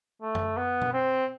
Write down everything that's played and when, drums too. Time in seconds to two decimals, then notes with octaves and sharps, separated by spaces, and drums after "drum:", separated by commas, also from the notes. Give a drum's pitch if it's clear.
0.22 A3
0.35 drum: tom F#2
0.57 B3
0.81 drum: tom
0.93 C4